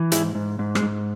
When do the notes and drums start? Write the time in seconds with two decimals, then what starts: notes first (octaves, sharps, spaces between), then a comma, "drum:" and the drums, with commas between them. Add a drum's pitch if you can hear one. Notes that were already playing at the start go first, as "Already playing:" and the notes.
Already playing: E3
0.12 G#2 E4 G#4, drum: hi-hat
0.35 G#2
0.59 G#2
0.75 G#3, drum: rim click
0.83 G#2